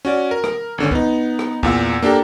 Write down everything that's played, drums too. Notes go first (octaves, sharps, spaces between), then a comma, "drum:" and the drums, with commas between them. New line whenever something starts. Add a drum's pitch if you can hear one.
C#4 F#4 D5
A#4
drum: rim click
G#1 D3 C#4
B3 D#4, drum: kick C2
drum: rim click
E2 A#2 F5 E6, drum: kick C2
A#3 D4 G4 A4 A#5